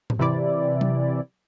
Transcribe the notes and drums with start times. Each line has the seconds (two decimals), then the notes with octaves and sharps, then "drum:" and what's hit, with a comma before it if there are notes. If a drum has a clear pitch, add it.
0.10 drum: tom G#2
0.19 C3 E3 E4 D5
0.81 drum: tom F#3